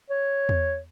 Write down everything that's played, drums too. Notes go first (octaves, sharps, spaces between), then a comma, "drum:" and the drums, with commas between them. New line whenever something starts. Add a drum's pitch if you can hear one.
C#5
drum: tom E2